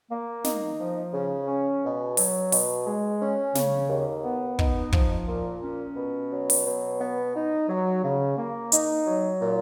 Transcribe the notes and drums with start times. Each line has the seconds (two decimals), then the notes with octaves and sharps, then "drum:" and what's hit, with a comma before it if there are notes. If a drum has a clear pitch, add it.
0.10 A#3
0.44 D#4, drum: snare
0.80 F3
1.13 C#3
1.48 C#4
1.83 B2
2.17 F#3, drum: open hi-hat
2.52 B2, drum: open hi-hat
2.87 G#3
3.21 C#4
3.55 C#3, drum: snare
3.89 D#2
4.24 B3
4.59 D#4, drum: kick
4.93 F3, drum: kick
5.27 A#2
5.62 C#4
5.96 B2
6.32 F#3
6.50 drum: open hi-hat
6.65 B2
7.00 B3
7.34 D#4
7.69 F#3
8.04 C#3
8.38 A#3
8.72 D#4, drum: hi-hat
9.07 F#3
9.41 A#2